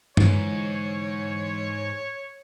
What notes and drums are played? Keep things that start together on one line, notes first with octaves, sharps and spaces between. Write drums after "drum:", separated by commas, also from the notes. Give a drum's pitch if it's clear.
G#2 D3 E3 G#3 C#5, drum: tom G2